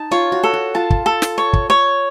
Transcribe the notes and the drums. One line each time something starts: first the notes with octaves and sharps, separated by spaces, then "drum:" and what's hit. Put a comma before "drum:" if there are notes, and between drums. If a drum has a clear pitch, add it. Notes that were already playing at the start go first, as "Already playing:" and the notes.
Already playing: D#4 A5
F4 C#5
F#4
A4
F#4
F4 A5
drum: kick
A4
drum: snare
C#5
drum: kick
C#5